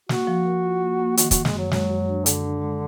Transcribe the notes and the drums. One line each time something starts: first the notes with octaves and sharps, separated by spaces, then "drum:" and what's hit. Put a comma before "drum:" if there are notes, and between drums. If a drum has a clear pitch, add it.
A#3 F#4, drum: snare
F3
A#4
F4
A#3
A#3
D#3 F#4, drum: hi-hat
F#2 F#4, drum: kick, hi-hat
G#3, drum: snare
F#2 F#3
F#3 G#3, drum: snare
F#2
D4
F#2 D3, drum: hi-hat
D4
G#3